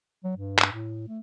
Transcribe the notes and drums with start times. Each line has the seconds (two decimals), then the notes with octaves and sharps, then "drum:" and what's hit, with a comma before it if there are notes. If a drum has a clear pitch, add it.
0.24 F#3
0.37 G2
0.59 drum: clap
0.72 A2
1.08 A3